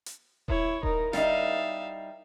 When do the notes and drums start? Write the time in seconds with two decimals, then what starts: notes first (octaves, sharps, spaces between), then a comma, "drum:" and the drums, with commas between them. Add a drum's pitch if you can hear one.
0.06 drum: hi-hat
0.48 E4 C#5, drum: kick D#1
0.83 D#4 A#4, drum: kick D#1
1.13 G3 D#4 E5 F5, drum: snare